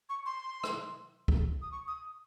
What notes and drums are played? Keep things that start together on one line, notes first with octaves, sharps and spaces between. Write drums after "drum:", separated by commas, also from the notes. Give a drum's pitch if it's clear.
C#6
C6
drum: rim click
drum: kick
D#6
C#6
D#6